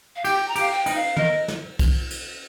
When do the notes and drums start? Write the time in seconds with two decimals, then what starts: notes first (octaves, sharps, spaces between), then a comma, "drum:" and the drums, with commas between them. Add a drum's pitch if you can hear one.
0.15 F5
0.24 G4 G5, drum: cymbal
0.48 A#5
0.56 G4 F5, drum: cymbal
0.71 G5
0.86 D#4, drum: cymbal
0.94 F5
1.17 A#4 D#5, drum: tom
1.48 drum: snare
1.79 drum: kick B1, cymbal
2.11 drum: cymbal